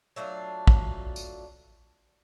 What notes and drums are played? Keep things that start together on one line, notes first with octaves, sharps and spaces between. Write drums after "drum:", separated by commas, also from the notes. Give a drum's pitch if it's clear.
F#3 A3 D4 F4
drum: kick
drum: tambourine